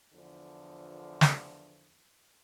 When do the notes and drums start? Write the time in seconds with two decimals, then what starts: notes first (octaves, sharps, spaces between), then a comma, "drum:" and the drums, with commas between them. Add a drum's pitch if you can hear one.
0.13 E2 D3 F3
1.21 drum: snare